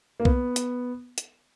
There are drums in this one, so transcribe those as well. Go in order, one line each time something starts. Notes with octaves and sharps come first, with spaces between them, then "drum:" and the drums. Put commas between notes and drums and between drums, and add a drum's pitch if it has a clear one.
A#3
B3, drum: kick B1
drum: hi-hat
drum: hi-hat